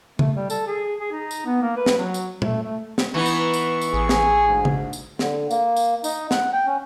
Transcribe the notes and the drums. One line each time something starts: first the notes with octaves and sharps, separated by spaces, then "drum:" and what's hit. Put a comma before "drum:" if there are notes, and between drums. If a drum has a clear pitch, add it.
A3, drum: tom C#3
G3
A4, drum: tambourine
G#4
G#4
D#4
drum: tambourine
B3
A#3
B4
drum: snare
F#3
drum: tambourine
A3, drum: tom
A3
drum: snare
E3 B3 D#4 C#6
drum: tambourine
drum: tambourine
drum: tambourine
A1 G#4
drum: snare
D2 G#2
drum: tom C#3
drum: tambourine
D3, drum: snare
A#3, drum: tambourine
drum: tambourine
D#4, drum: tambourine
F#5, drum: snare
G5
C#4